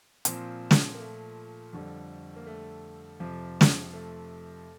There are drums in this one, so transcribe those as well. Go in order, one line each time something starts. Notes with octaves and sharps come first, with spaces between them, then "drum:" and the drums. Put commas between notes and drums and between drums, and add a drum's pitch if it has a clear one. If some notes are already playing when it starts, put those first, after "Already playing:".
A#2 F3 C4, drum: hi-hat
drum: snare
A#3
A3
F2 D3 G3
A#3
A3
F2 C3 F3
drum: snare
A3